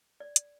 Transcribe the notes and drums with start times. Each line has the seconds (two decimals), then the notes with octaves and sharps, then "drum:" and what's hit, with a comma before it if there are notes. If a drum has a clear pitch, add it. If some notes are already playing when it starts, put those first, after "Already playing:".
0.20 D5
0.36 drum: hi-hat